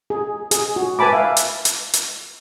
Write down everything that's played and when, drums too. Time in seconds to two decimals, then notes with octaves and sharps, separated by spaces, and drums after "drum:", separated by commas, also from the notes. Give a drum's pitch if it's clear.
0.10 G#4
0.51 G#4, drum: hi-hat
0.76 F#4
0.99 B4 G#5 A5 B5 D6
1.13 E5 F5
1.37 drum: hi-hat
1.65 drum: hi-hat
1.93 drum: hi-hat